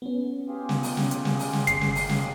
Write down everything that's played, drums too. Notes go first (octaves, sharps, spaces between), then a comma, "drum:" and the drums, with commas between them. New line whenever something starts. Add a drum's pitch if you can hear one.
B3 C#4
F4 G4 G#4
drum: snare
drum: open hi-hat
drum: snare
drum: hi-hat
drum: snare
drum: open hi-hat
drum: snare
G1 C7, drum: hi-hat
drum: snare
drum: open hi-hat
drum: snare